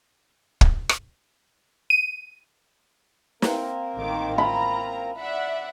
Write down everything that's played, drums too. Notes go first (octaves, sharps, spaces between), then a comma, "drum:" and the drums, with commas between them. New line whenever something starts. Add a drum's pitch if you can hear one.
drum: kick
drum: rim click
D#7
A#3 C4 A#4, drum: snare
A1 D#3 D6
F4 A#5 B5
D5 E5 F#5